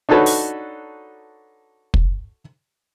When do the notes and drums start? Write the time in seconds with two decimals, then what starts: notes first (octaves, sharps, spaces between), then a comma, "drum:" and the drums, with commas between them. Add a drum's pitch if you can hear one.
0.09 D4 D#4 F#4 A4 B4 C#5
0.26 drum: open hi-hat
1.94 drum: kick